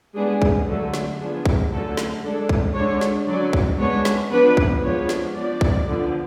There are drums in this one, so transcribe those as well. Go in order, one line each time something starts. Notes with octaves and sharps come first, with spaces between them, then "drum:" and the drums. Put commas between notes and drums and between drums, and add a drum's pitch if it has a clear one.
G#3 B3 D4 G#4
drum: kick
D3 F#3 A3 A4
drum: snare
F3 B3 D4 G#4
drum: kick
D3 F#3 A3 C#4 A4
drum: snare
G#3 D4 A4
drum: kick
D3 G#3 D4 C#5
drum: snare
D3 F#3 C#4 D5
drum: kick
G#3 B3 D4 C#5
drum: snare
F3 B3 D4 B4
drum: kick
F3 G#3 B3 D4 C#5
drum: snare
F3 B3 D4 D5
drum: kick
D3 F3 B3